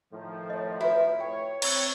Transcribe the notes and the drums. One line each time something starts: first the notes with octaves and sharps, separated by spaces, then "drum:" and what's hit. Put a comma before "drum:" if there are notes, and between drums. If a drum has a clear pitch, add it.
A2 D#3 F3
C#5 D#5
E4 F#4 B4
C#5 G5
C4 B4 C#5 A#5 E6, drum: cymbal